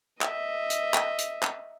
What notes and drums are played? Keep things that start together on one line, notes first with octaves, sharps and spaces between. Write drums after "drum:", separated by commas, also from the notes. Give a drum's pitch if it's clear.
D#5 E5, drum: clap
drum: hi-hat
drum: clap
drum: hi-hat
drum: clap